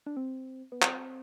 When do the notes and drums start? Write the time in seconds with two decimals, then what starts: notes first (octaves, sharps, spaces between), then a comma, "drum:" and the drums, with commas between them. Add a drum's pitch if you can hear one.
0.06 D4
0.17 C4
0.72 B3
0.82 C4, drum: clap